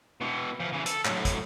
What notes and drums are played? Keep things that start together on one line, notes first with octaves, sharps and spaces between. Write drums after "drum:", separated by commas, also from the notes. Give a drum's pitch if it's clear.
B2 E3
E3 F3
C#3 E3
A4, drum: hi-hat
A2 F#3, drum: clap
drum: kick, hi-hat